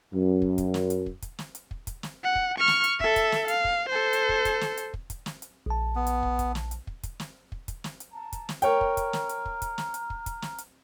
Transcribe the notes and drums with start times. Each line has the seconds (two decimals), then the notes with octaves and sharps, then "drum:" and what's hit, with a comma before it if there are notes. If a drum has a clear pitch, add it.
0.14 F#2
0.42 drum: kick
0.58 drum: kick, hi-hat
0.74 drum: snare
0.90 drum: hi-hat
1.06 drum: kick
1.22 drum: kick, hi-hat
1.39 drum: snare
1.55 drum: hi-hat
1.71 drum: kick
1.87 drum: kick, hi-hat
2.03 drum: snare
2.24 F#5
2.35 drum: kick
2.59 C#6 F6
2.68 drum: snare
2.84 drum: hi-hat
3.00 A4 E5, drum: kick
3.16 drum: kick, hi-hat
3.32 drum: snare
3.48 F5, drum: hi-hat
3.64 drum: kick
3.89 A4 C5
4.13 drum: hi-hat
4.29 drum: kick
4.45 drum: kick, hi-hat
4.61 drum: snare
4.77 drum: hi-hat
4.94 drum: kick
5.10 drum: kick, hi-hat
5.26 drum: snare
5.42 drum: hi-hat
5.66 A#1 A5
5.96 B3
6.07 drum: hi-hat
6.23 drum: kick
6.39 drum: kick, hi-hat
6.55 drum: snare
6.71 drum: hi-hat
6.87 drum: kick
7.03 drum: kick, hi-hat
7.20 drum: snare
7.52 drum: kick
7.68 drum: kick, hi-hat
7.84 drum: snare
8.00 drum: hi-hat
8.12 A5 A#5
8.33 drum: kick, hi-hat
8.49 drum: snare
8.62 A#4 C#5 G5 A#5 F6, drum: hi-hat
8.81 drum: kick
8.97 drum: kick, hi-hat
9.13 drum: snare
9.29 drum: hi-hat
9.46 drum: kick
9.62 drum: kick, hi-hat
9.78 drum: snare
9.94 drum: hi-hat
10.10 drum: kick
10.26 drum: kick, hi-hat
10.42 drum: snare
10.58 drum: hi-hat